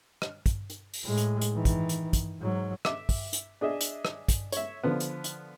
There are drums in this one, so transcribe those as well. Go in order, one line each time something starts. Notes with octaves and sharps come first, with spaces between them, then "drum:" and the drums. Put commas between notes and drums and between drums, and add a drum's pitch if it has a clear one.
drum: rim click
drum: kick, hi-hat
drum: hi-hat
drum: open hi-hat
A2 G#3
drum: hi-hat
drum: hi-hat
D#3 E3
drum: kick, hi-hat
drum: hi-hat
drum: kick, hi-hat
G#2 F#3
E5 D6, drum: rim click
drum: kick, open hi-hat
drum: hi-hat
D4 G#4 D#5 E5
drum: hi-hat
drum: rim click
drum: kick, hi-hat
C#5 E5, drum: hi-hat
D3 F3 B3
drum: hi-hat
drum: hi-hat